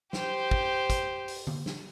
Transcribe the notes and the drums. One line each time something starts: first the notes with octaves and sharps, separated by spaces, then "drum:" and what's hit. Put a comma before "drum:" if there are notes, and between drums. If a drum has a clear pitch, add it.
G4 C5, drum: snare
drum: kick
drum: kick, hi-hat
drum: open hi-hat
drum: tom D3
drum: snare